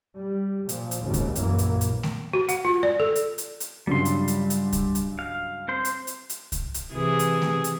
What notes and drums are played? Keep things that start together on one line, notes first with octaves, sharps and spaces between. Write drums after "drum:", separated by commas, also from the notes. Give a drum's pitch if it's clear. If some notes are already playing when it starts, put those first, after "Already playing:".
G3
A#2 F3, drum: hi-hat
drum: hi-hat
G#1 D#2 C#3
drum: kick C2, hi-hat
A#1 F#2 E3 A#3, drum: hi-hat
drum: hi-hat
drum: hi-hat
drum: snare A3
F#4
F#5, drum: hi-hat
F4
D5
A4
drum: hi-hat
drum: hi-hat
drum: hi-hat
C#2 G2 F#3 G3 C6
drum: hi-hat
drum: hi-hat
drum: hi-hat
drum: kick C2, hi-hat
drum: hi-hat
F5
C4 C5 C6
drum: hi-hat
drum: hi-hat
drum: hi-hat
drum: kick C2, hi-hat
drum: hi-hat
C3 E3 G#4
drum: hi-hat
drum: snare A3
drum: hi-hat